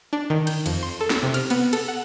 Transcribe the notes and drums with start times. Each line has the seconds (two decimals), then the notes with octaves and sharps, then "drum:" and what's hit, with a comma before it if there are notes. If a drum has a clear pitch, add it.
0.13 D4
0.30 D#3
0.47 G6, drum: cymbal
0.66 F2, drum: cymbal
0.83 C6
1.01 A4
1.10 drum: snare
1.23 C3
1.34 F6, drum: cymbal
1.50 B3, drum: cymbal
1.73 A4, drum: cymbal
1.88 F#5